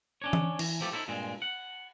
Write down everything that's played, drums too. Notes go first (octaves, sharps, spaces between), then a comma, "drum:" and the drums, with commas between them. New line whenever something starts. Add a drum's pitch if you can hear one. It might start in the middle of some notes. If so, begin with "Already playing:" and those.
C#4 D4 C#5
drum: tom E3
E3, drum: cymbal
F3 A3 G4 A4
D#4 E4 F#4 A4 C5
G2 A#2 G#3 C4
F#5